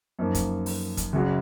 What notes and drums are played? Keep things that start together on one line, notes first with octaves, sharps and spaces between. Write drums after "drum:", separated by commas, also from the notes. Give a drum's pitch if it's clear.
F#2 F3 A#3 D#4
drum: kick, hi-hat
drum: open hi-hat
drum: kick, hi-hat
F#1 F#2 C#3 F#3